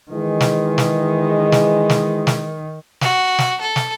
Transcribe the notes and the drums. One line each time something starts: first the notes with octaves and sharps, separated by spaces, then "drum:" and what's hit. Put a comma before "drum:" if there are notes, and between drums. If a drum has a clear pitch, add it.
D#3 E3 G#3
drum: snare
drum: snare
drum: snare
drum: snare
drum: snare
F#4, drum: snare
drum: snare
A4
drum: snare